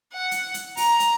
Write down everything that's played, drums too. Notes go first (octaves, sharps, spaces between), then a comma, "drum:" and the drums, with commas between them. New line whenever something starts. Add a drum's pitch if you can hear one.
F#5
drum: hi-hat
drum: hi-hat
A#5, drum: open hi-hat
drum: hi-hat